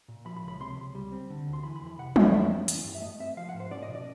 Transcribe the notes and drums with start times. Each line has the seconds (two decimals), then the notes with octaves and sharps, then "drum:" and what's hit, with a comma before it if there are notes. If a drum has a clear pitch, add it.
0.08 A#2
0.26 F3 B5
0.37 B5
0.43 C#2
0.48 B5
0.60 C3 C6
0.77 C#2
0.95 G3
1.12 C4
1.30 D3
1.47 D2
1.53 C6
1.63 E3 B5
1.76 B5
1.81 F2
1.86 B5
1.99 C3 F#5
2.16 F2, drum: tom
2.33 A3 E5
2.50 C#4
2.68 E3, drum: hi-hat
2.85 G2
2.95 E5
3.02 A3 D#5
3.20 C4 E5
3.37 F3 F5
3.49 F#5
3.54 G#2
3.60 C5
3.71 C#4 D5
3.83 D#5
3.89 B2
3.95 D5